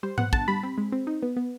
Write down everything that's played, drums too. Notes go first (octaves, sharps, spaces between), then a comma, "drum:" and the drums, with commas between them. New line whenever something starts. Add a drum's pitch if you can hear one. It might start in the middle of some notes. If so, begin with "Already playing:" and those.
G3 C5
B3 F#5, drum: tom G#2
D3 A5, drum: kick
G3 B5
C4
G#3
C4
D#4
B3
B3